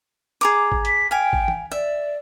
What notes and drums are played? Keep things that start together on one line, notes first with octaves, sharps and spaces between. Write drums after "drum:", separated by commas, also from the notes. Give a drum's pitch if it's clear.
G#4 A#5 D6
drum: kick G#1
B6, drum: hi-hat
F5 G5 G#5
drum: kick G#1
drum: tom E3
D5 E5